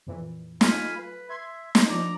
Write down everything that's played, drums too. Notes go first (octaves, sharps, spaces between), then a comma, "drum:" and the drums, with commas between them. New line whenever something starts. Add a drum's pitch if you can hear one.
F2 A#2 E3
F#3 A3 F4 F5 G#5 B5, drum: snare
B4
E5 C6 G#6
drum: snare
F3 D4 D5 A#5